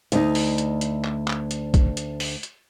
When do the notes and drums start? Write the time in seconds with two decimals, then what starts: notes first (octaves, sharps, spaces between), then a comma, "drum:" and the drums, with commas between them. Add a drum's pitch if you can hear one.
0.12 D2 D#4, drum: hi-hat
0.35 drum: open hi-hat
0.58 drum: hi-hat
0.81 drum: hi-hat
1.04 drum: clap
1.28 drum: clap
1.51 drum: hi-hat
1.74 drum: kick, hi-hat
1.97 drum: hi-hat
2.20 drum: open hi-hat
2.43 drum: hi-hat